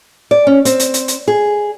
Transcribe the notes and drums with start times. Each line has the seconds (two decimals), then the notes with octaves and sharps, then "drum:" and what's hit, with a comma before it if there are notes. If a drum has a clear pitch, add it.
0.31 D5
0.47 C#4
0.65 C4, drum: hi-hat
0.79 drum: hi-hat
0.94 drum: hi-hat
1.08 drum: hi-hat
1.28 G#4